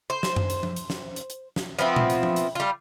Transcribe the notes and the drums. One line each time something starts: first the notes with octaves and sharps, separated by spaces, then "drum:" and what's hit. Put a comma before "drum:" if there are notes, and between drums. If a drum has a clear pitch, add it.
C5
drum: snare
drum: tom F#2
drum: hi-hat
drum: tom F3
drum: hi-hat
drum: snare
drum: hi-hat
drum: hi-hat
drum: snare
F3 B3 C4 E4
drum: tom A#2
drum: hi-hat
drum: tom F3
drum: hi-hat
G3 F4